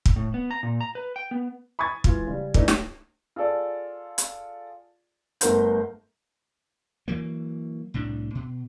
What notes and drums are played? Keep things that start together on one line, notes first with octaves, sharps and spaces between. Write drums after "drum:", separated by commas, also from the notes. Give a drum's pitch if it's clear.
drum: kick
A2
B3
A#5
A#2
A#5
B4
G5
B3
B5 C#6 D#6 G#6 A6
E3 G#3 F4, drum: kick
C#3 G3
E3 A3 D4 D#4, drum: kick
drum: snare
F4 G#4 A4 D5
drum: hi-hat
G1 A3 A#4 C5 F#5 G6, drum: hi-hat
E3 F#3 A#3
C2 A2 D4
B2